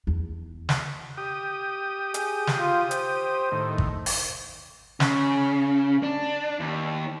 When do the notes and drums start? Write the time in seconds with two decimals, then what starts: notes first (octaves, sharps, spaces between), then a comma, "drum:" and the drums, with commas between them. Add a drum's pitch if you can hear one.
0.07 E2
0.69 drum: snare
1.18 G4 D#6
2.14 G#4, drum: hi-hat
2.47 drum: snare
2.58 F4
2.91 C5, drum: hi-hat
3.52 A2 D#3
3.78 drum: kick G#1
4.06 drum: open hi-hat
5.00 C#3, drum: snare
6.03 D4
6.60 D#2